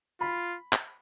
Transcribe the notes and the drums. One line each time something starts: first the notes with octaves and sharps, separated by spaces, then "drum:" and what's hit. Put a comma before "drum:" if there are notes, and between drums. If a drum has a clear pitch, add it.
F4 B5
drum: clap